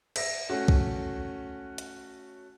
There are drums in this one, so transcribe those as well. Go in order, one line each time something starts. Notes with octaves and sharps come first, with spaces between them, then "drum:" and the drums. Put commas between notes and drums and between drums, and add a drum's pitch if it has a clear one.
E5 A#6, drum: cymbal
A3 C#4 F#4
drum: kick
drum: hi-hat